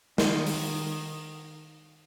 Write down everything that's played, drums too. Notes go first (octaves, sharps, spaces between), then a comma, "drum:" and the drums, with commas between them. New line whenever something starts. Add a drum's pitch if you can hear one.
D#3, drum: snare
drum: open hi-hat